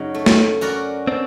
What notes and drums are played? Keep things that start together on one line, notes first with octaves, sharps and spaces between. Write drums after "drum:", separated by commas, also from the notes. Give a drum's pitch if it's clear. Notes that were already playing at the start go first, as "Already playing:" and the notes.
Already playing: F#2 C#3 F#3 C#4 D#4
A3
drum: snare A3
C#4 F#4 A#4 D5
C4 D4